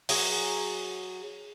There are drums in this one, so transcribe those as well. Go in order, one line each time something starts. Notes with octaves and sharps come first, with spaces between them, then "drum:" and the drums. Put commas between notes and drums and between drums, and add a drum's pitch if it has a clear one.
F#3 G#4, drum: open hi-hat